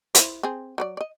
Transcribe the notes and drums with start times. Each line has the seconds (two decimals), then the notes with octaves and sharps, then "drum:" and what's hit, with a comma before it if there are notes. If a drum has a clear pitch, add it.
0.15 E4 F4 C5, drum: hi-hat
0.43 C4 G#4
0.78 F#3 B4 D5
0.97 D5 D#5